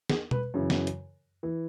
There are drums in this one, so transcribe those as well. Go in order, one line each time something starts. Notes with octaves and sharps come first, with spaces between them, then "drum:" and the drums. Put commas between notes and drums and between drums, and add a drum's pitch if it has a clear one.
G#4, drum: snare
B4, drum: tom B2
F#2 C#3 E3
drum: snare
drum: hi-hat
E3